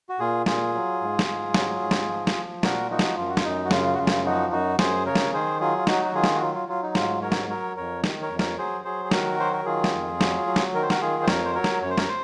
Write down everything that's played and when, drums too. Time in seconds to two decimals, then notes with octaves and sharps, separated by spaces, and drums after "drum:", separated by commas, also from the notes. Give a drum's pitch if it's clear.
0.09 F#4
0.20 A#2 F4 G#4
0.46 A#2 F4 G#4, drum: snare
0.75 F#3
1.01 G#2
1.19 drum: snare
1.29 G#2
1.54 F#3, drum: snare
1.81 G#2
1.91 drum: snare
2.09 F3
2.27 drum: snare
2.37 F3
2.63 A#2 F#4 A#4, drum: snare
2.90 F3 D#4 F#4
2.99 drum: snare
3.17 F#2 F4
3.29 F#4
3.37 F4, drum: snare
3.44 F#2 D#4
3.65 F#4
3.71 C#3 F4, drum: snare
3.94 F#4
3.98 F#2 F4
4.07 drum: snare
4.25 F3 D#4 F#4
4.52 F#2 D#4 F#4
4.79 F#2 G#4 C5, drum: snare
5.06 C#3 A#4 C#5
5.15 drum: snare
5.33 D#3 G#4 C5
5.60 F#3 F4 G#4
5.78 F4
5.87 F#3 D#4 F#4, drum: snare
6.05 F#4
6.14 D#3 F4 G#4
6.24 drum: snare
6.35 F#4
6.41 F#3 F4
6.55 F4
6.68 F#3 F4
6.83 D#4
6.95 G#2 F4, drum: snare
7.22 F#3 A#4 C#5
7.32 drum: snare
7.49 F#3 A#4 C#5
7.76 F2 A#4 C#5
8.04 D#3, drum: snare
8.22 A#4 C#5
8.31 F2
8.39 A#4 C#5, drum: snare
8.58 F#3 G#4 C5
8.84 F#3 G#4 C5
9.05 G#4
9.11 D#3 F#4 A#4, drum: snare
9.40 F#3 C5
9.53 A#4
9.65 D#3 F4 G#4
9.84 drum: snare
9.93 F2
10.21 F#3, drum: snare
10.47 F#3
10.56 drum: snare
10.74 D#3 A#4
10.83 C5
10.90 F#4 A#4, drum: snare
11.01 D#3 F4 G#4
11.23 C5
11.28 F2 A#4 C#5, drum: snare
11.45 C5
11.55 F#3 A#4 C#5
11.64 drum: snare
11.82 F#2 C#5
11.90 C5
11.98 A#4 C#5, drum: snare
12.09 C5